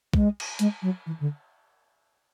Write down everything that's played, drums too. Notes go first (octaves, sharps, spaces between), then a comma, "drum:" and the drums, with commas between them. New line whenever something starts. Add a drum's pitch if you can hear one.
G#3, drum: kick B1
drum: cymbal
G#3, drum: hi-hat
F#3
E3
D3